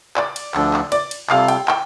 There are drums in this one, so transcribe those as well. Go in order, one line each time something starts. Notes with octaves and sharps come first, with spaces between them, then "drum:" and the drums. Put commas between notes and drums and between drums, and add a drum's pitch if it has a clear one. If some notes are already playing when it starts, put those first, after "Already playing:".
D5, drum: clap
drum: cymbal
D2 D3 F3 D4 A4, drum: clap
drum: clap
D5, drum: cymbal
drum: cymbal
C3 G3 F4 A4 F5, drum: clap
G5, drum: cymbal
G5, drum: clap